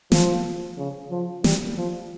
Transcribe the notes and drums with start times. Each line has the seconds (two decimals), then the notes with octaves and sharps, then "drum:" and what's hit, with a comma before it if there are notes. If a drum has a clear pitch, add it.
0.12 F3, drum: snare
0.78 C#3
1.11 F3
1.44 G3, drum: snare
1.77 F3